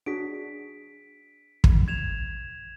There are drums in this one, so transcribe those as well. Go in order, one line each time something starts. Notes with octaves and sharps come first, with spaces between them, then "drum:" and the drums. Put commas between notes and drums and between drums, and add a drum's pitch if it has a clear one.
D4 F#4 G#4 B6 D7
drum: kick
G#6 E7 F7